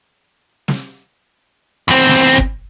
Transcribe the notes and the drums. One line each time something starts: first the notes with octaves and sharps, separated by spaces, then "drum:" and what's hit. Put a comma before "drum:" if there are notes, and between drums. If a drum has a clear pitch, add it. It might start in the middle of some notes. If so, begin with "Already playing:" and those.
drum: snare
E2 C4
drum: snare
drum: kick